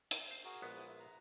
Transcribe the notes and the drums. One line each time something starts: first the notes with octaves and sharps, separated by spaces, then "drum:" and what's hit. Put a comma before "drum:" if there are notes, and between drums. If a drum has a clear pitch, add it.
drum: hi-hat
C5
F#4 G#4 A#4
A#1 G#3 B3
E4 D#6
E5
A#5